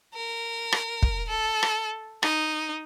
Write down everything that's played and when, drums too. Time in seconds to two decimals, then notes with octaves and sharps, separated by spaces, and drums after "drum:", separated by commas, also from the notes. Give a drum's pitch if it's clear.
0.15 A#4
0.72 drum: rim click
1.02 drum: kick
1.29 A4
1.63 drum: rim click
2.23 D#4, drum: rim click